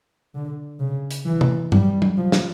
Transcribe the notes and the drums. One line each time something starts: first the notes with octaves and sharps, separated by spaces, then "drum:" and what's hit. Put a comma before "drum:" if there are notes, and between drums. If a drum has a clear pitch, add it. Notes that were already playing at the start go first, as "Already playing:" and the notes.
D3
C#3
drum: hi-hat
E3
drum: tom
G3, drum: tom G2
drum: tom
F3
drum: snare